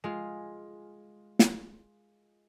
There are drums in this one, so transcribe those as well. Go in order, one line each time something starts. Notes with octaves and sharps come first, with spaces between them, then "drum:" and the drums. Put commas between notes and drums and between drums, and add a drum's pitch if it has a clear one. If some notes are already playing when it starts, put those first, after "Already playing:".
G#3 F4
drum: snare